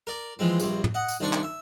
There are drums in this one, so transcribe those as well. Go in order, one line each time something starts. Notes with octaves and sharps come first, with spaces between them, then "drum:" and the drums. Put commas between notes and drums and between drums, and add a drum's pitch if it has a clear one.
A#4 D5
E3 F3 G#3 C4
A#1 G2 C4, drum: tambourine
drum: tom
D#5 F#5
drum: tambourine
C2 D#3 C4 D4 A5 C#6
drum: clap
E5